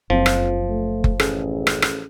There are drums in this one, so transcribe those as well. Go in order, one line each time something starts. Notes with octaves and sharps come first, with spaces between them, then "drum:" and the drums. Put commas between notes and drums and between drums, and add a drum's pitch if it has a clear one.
F#1 F2 F3 C4 F4
drum: rim click
A3
drum: kick F#1
A1 C#4 G#4 A4, drum: rim click
drum: rim click
drum: rim click